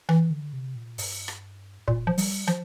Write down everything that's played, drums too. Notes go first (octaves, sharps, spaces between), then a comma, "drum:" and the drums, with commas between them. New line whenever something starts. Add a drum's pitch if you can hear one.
E3, drum: rim click
D3
C3
A#2
G2, drum: open hi-hat
drum: rim click
A#2, drum: kick
F3
G3, drum: open hi-hat
F3, drum: rim click